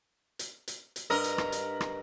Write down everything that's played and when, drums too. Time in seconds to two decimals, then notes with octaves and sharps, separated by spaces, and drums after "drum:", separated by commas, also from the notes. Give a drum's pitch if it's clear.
0.39 drum: hi-hat
0.68 drum: hi-hat
0.96 drum: hi-hat
1.10 G2 A#4 D#5
1.24 drum: hi-hat
1.38 drum: rim click
1.52 drum: hi-hat
1.81 drum: rim click